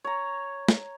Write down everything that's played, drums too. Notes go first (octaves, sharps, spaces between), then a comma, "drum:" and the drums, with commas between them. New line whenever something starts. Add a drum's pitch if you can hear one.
C#5 A#5
drum: snare